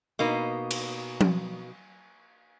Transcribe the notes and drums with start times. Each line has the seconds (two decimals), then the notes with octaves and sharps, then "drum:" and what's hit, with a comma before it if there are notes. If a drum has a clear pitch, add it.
0.19 B2 A#3 D#4
0.71 drum: cymbal
1.21 drum: tom F3